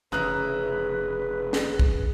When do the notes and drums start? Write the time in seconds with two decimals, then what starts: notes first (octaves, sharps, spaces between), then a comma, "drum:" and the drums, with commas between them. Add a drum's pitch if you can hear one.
0.12 F1 C#3 E3 B4 A#5 D#6 F#6
1.53 drum: snare
1.79 drum: kick